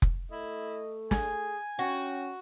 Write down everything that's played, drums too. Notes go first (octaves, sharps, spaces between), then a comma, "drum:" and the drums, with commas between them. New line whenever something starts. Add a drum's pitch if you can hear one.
drum: kick F1
A3 E4 D#5
G#4 G#5, drum: snare
C#4 F#4 G5